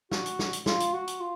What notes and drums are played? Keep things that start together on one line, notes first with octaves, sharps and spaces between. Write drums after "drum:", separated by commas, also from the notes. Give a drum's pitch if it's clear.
F#4, drum: snare
drum: hi-hat
drum: snare
drum: hi-hat
F4, drum: snare
drum: hi-hat
F#4
drum: hi-hat
F4